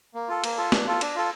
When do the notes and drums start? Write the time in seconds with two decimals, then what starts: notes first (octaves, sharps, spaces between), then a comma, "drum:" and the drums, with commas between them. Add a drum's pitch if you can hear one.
0.14 A#3
0.28 F4 A4
0.44 A#3, drum: cymbal
0.57 F4 A4
0.72 D4, drum: snare
0.87 F4 A4
1.01 D4, drum: cymbal
1.16 F4 A4